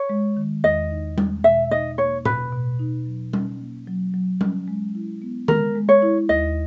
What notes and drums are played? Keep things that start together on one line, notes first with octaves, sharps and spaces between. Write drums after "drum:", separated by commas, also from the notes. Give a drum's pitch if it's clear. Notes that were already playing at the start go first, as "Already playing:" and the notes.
Already playing: C#5
G#3
D#3
E2 D#5
D#4
G#3, drum: tom G3
B2 E5
D#4 D#5
A#3 C#5
B2 B4, drum: tom A2
B2
D#4
F#3
C#4, drum: tom G3
A#3
F#3
F#3
C#4, drum: tom G3
G#3
E4
B3
G#3 A#4, drum: tom D#3
G#3
C#5
E4
D#2 D#5